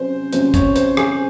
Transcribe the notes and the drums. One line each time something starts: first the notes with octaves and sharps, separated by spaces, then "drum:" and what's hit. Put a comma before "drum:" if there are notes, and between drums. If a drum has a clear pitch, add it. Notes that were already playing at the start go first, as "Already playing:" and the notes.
Already playing: C3 F#3 C#4 C5
C3 F#3 C#4 C5, drum: hi-hat
C#5, drum: kick, hi-hat
C5, drum: hi-hat
G#4, drum: rim click